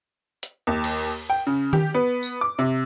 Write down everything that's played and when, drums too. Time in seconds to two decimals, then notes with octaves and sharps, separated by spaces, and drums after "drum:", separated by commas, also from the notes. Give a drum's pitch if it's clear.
0.43 drum: hi-hat
0.67 D#2
0.84 drum: cymbal
1.30 G5
1.47 C#3
1.73 G4, drum: tom D#3
1.94 B3
2.23 drum: tambourine
2.41 D6
2.59 C3